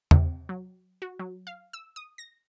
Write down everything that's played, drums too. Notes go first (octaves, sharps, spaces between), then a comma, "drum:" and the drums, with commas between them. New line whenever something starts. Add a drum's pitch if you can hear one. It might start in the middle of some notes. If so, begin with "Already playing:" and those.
C3, drum: tom E2
F#3
F#4
F#3
F5
E6
D#6
A#6